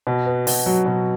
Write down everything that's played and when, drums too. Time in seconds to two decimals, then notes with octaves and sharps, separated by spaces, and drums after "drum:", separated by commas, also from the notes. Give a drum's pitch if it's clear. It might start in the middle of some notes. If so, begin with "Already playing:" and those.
0.07 B2
0.26 B3
0.47 B2, drum: open hi-hat
0.66 F#3
0.86 B2